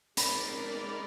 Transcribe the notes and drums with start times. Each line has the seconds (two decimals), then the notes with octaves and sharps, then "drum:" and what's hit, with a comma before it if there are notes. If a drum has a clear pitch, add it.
0.17 G#3 D#4 A#4 D5 B5, drum: hi-hat